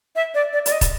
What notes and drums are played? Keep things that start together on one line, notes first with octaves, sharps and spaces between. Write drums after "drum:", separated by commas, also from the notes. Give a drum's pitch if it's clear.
E5
D5
D5
D5, drum: hi-hat
D#5
drum: kick, hi-hat